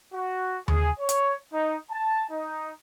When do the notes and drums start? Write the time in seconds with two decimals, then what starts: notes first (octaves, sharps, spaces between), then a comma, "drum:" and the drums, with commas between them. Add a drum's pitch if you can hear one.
0.14 F#4
0.68 G#4, drum: tom D#2
0.99 C#5
1.09 drum: hi-hat
1.53 D#4
1.91 A5
2.30 D#4